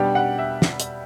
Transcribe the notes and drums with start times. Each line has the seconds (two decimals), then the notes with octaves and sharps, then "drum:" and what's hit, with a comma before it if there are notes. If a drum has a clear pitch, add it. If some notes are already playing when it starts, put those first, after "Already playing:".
Already playing: B2 G3 B3 D4 G4
0.15 F#5
0.39 E5
0.62 drum: snare
0.80 drum: hi-hat